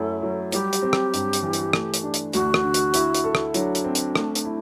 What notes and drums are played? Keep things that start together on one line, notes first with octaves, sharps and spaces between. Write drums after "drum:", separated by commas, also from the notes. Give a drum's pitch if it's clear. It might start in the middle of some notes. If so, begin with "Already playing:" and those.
Already playing: F#2 A3 E4 A4
F#3
G3 G4, drum: hi-hat
drum: hi-hat
C4
drum: rim click
G2, drum: hi-hat
drum: hi-hat
E3
drum: hi-hat
A3, drum: rim click
drum: hi-hat
D4
drum: hi-hat
D2 F#4, drum: hi-hat
drum: rim click
D3
drum: hi-hat
E4, drum: hi-hat
drum: hi-hat
A4
drum: rim click
F#3 D4, drum: hi-hat
drum: hi-hat
C4
drum: hi-hat
A3, drum: rim click
drum: hi-hat
E4